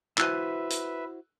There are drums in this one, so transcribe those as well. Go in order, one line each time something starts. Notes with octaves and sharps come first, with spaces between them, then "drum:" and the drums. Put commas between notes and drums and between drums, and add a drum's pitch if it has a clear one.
E4 F#4 B4 C5 E5 E6 F#6 D#7, drum: clap
drum: hi-hat